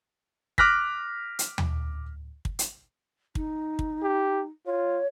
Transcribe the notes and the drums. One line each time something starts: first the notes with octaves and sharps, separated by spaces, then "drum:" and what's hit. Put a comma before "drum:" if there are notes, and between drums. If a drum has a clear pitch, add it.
D6 F6 F#6 A#6 B6, drum: kick
drum: hi-hat
drum: tom D#2
drum: kick
drum: hi-hat
D#4, drum: kick
drum: kick
G4
F4 C#5